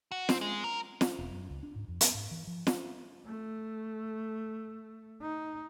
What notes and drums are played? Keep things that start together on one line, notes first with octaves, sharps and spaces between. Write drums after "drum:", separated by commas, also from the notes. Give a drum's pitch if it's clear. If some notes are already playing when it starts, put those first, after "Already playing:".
F#4
C4, drum: snare
G#3
A#4
drum: snare
E1
F#2
C#2
D4
G#2
F2
B3, drum: hi-hat
G#2
E3
F3
drum: snare
A3
D#4